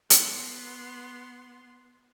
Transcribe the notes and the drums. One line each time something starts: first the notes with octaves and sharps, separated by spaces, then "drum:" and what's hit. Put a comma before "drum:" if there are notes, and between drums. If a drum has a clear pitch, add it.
B3 C6, drum: hi-hat